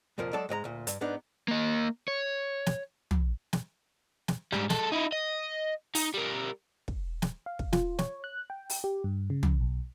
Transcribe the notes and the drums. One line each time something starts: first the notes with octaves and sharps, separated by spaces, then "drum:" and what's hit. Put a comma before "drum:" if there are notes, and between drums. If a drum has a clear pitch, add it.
C2 F2 A#2 F3 A#4
F#3 G#3 A4 D5 A5
G#2 G#3 D5 A#5
D2 A#2
G2, drum: hi-hat
G#2 B3 D4 D#4
A#3 D#5
C#5
drum: snare
drum: tom
drum: snare
drum: snare
G#2 G3, drum: rim click
G#3 A4, drum: snare
D#4 E4
D#5
D#4, drum: open hi-hat
G3 A#4
drum: kick
drum: snare
F5
drum: kick
F4, drum: snare
C#5, drum: snare
F#6
G5
drum: open hi-hat
G4
G2
C#3
drum: tom
B1